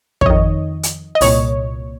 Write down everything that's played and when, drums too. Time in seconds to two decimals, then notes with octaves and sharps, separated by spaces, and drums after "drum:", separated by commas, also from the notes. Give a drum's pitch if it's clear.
0.21 C#5, drum: kick
0.26 F2 D#3 D#5
0.83 drum: hi-hat
1.15 D#5
1.21 C2 A#2 C#5, drum: open hi-hat